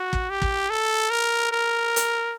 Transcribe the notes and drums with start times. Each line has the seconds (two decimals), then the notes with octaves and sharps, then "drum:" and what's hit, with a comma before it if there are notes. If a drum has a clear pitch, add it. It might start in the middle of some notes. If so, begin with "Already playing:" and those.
Already playing: F#4
0.13 drum: kick
0.30 G4
0.42 drum: kick
0.70 A4
1.10 A#4
1.52 A#4
1.96 drum: hi-hat